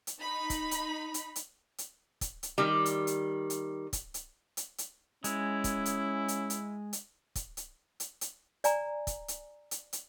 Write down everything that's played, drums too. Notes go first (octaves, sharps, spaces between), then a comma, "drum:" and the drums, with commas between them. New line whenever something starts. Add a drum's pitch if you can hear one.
drum: hi-hat
D#4 B5
drum: kick, hi-hat
drum: hi-hat
drum: hi-hat
drum: hi-hat
drum: hi-hat
drum: kick, hi-hat
drum: hi-hat
D#3 G3
drum: hi-hat
drum: hi-hat
drum: hi-hat
drum: kick, hi-hat
drum: hi-hat
drum: hi-hat
drum: hi-hat
G#3 C#4 E4, drum: hi-hat
drum: kick, hi-hat
drum: hi-hat
drum: hi-hat
drum: hi-hat
drum: hi-hat
drum: kick, hi-hat
drum: hi-hat
drum: hi-hat
drum: hi-hat
D5 G#5 A#5, drum: hi-hat
drum: kick, hi-hat
drum: hi-hat
drum: hi-hat
drum: hi-hat